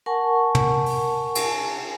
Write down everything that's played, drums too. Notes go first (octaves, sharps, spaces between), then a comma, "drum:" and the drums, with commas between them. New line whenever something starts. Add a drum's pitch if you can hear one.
A#4 F#5 G#5 A5 C#6
drum: tom
drum: open hi-hat
drum: cymbal